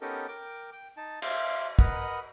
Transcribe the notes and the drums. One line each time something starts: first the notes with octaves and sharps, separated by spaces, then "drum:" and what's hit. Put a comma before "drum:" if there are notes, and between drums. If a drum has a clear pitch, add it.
B3 C#4 D#4 G4 A4 A#4
A#4 G5 D6
G5
D#4 A5
E5 F5 C6 D6, drum: cymbal
A#4 B4 D#5 F#5 A#5 B5, drum: kick